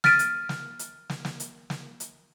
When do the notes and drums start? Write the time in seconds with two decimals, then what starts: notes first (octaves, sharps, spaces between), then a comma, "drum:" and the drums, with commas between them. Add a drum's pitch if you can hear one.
0.04 F6 A6 B6 D7 D#7, drum: snare
0.19 drum: hi-hat
0.49 drum: snare
0.79 drum: hi-hat
1.10 drum: snare
1.25 drum: snare
1.40 drum: hi-hat
1.70 drum: snare
2.00 drum: hi-hat